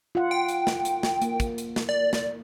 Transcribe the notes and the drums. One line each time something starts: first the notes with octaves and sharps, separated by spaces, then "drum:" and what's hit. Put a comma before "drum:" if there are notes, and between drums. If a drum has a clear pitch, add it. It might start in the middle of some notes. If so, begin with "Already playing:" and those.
F4 F#5
G5
drum: hi-hat
drum: snare
drum: hi-hat
drum: snare
A#3, drum: hi-hat
drum: kick, hi-hat
drum: hi-hat
drum: snare
D5
drum: snare